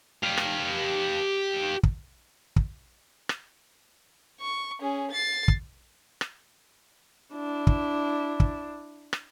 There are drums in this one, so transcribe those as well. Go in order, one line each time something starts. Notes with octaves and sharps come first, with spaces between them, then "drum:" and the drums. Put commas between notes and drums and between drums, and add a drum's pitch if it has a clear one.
G4 F5
drum: rim click
drum: kick
drum: kick
drum: rim click
C#6
C#4 G#4
A6 C7
drum: kick
drum: rim click
D4 E4
drum: kick
drum: kick
drum: rim click